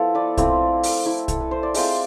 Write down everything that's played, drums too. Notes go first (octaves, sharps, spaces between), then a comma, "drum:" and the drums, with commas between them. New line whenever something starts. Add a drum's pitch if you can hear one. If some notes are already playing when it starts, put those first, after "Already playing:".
Already playing: F3 B3 E4 A4
B4 D5
F3 A3 C4 E4, drum: kick, hi-hat
drum: open hi-hat
A3 E4
A4, drum: kick, hi-hat
B4
C5
D5
G#3 C4 F4 C5 E5, drum: open hi-hat